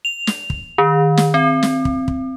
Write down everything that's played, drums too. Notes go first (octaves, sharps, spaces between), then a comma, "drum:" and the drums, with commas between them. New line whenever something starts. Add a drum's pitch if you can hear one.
F7
drum: snare
drum: kick
D#3
drum: snare
C4
drum: snare
drum: kick
drum: kick